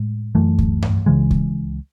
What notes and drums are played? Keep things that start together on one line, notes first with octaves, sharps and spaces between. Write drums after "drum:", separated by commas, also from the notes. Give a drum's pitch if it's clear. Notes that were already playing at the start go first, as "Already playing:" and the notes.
Already playing: A2 G#3
F#2 E3 A3
drum: kick C#2
drum: tom G2
C#2 C#3 E3 G#3
drum: kick C#2